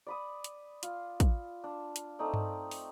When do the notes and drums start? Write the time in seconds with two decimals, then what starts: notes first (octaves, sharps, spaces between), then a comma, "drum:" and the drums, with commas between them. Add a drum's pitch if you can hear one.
0.07 D5 B5 D#6
0.44 drum: hi-hat
0.83 F4, drum: hi-hat
1.20 drum: kick, hi-hat
1.64 D4
1.96 drum: hi-hat
2.19 A3 C4 D#4 D5
2.34 drum: tom G2
2.71 drum: open hi-hat